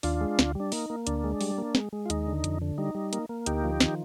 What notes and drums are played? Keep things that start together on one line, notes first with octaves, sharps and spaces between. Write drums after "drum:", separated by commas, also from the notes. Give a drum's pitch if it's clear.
D#2 D4 F4, drum: open hi-hat
G#3
D2, drum: snare
G3 D4
A#3 D#4, drum: open hi-hat
A#3
D2 D4, drum: hi-hat
G#3
G3, drum: open hi-hat
A#3
G#3, drum: snare
G#3
F4
D#2 D#4, drum: hi-hat
D3
F2, drum: hi-hat
D3
G3 D#4
G3
A#3, drum: hi-hat
A#3
D2 D#4 G4, drum: hi-hat
F3
D#3, drum: snare